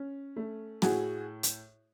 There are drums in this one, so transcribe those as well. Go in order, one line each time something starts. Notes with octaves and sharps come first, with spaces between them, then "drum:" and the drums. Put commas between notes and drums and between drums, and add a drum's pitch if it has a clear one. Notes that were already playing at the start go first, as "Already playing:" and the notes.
Already playing: C#4
A3
A2 F#4 G#4, drum: snare
drum: hi-hat